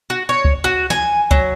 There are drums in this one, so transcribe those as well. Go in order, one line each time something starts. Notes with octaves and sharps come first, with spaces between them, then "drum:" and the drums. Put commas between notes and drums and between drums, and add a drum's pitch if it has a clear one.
F#4
C#5
drum: kick C#2
F#4
G#5, drum: snare
F#3, drum: kick C#2